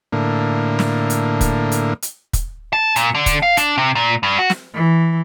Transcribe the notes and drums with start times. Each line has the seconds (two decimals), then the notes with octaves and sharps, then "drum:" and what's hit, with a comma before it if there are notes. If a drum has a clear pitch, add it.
0.13 A2 D3 A#3
0.79 drum: snare
1.10 drum: hi-hat
1.41 drum: kick, hi-hat
1.72 drum: hi-hat
2.02 drum: hi-hat
2.33 drum: kick, hi-hat
2.73 A5
2.96 A#2, drum: hi-hat
3.15 D3
3.26 drum: kick, hi-hat
3.42 F5
3.57 D4, drum: hi-hat
3.78 C3
3.95 A#2
4.23 G2
4.38 F#4
4.50 drum: snare
4.75 E3